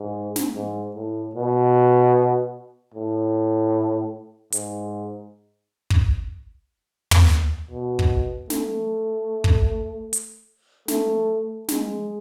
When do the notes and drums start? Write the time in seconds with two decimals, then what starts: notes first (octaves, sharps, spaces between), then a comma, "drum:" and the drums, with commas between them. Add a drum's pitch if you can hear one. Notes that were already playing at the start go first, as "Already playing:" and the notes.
Already playing: G#2
0.36 drum: snare
0.55 G#2
0.95 A2
1.35 B2
2.94 A2
4.52 G#2, drum: hi-hat
5.90 drum: kick
7.11 drum: tom
7.70 B2
7.99 drum: kick
8.50 A3, drum: snare
9.44 drum: kick
10.13 drum: hi-hat
10.88 A3, drum: snare
11.68 G#3, drum: snare